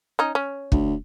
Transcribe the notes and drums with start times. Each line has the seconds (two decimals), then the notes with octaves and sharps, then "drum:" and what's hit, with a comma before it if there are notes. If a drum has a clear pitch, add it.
0.19 C#4 D#4
0.35 C#4
0.72 D2, drum: kick